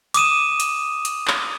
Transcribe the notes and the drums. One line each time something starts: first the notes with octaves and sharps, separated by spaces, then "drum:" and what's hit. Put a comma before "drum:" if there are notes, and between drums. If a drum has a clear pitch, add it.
D6 D#6 D#7 E7, drum: hi-hat
drum: hi-hat
drum: hi-hat
drum: clap